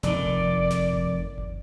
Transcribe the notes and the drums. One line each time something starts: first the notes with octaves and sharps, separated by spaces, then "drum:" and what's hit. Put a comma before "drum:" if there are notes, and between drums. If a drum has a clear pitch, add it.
F1 D#3 D5, drum: snare
drum: kick G1
drum: snare
drum: kick G1
drum: kick G1